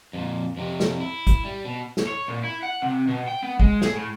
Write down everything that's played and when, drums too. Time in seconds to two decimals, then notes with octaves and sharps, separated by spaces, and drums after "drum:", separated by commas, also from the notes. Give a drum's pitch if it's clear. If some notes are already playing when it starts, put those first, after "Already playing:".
0.13 F2 A#2
0.57 F2 C3
0.80 drum: snare
1.00 E4
1.27 drum: kick, hi-hat
1.45 G3
1.65 B2
1.97 drum: snare
2.07 C#5
2.28 A#2
2.44 E4
2.63 F#5
2.82 C3
3.07 B2
3.28 G5
3.42 B3
3.60 G#3, drum: kick
3.82 G#4, drum: snare
3.95 A2